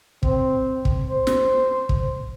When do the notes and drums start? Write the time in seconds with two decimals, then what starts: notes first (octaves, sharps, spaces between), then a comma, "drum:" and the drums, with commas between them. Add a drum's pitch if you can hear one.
0.23 C4, drum: kick
0.85 drum: kick
1.09 C5
1.27 drum: snare
1.89 drum: kick